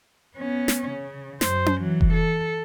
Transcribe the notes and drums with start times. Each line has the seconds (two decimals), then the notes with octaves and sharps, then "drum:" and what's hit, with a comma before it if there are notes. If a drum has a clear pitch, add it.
0.37 B3 C#4
0.68 drum: snare
0.90 C#3
1.41 F#2 C5, drum: snare
1.66 drum: tom C#4
1.81 E3 F#3
2.01 drum: kick F1
2.13 A4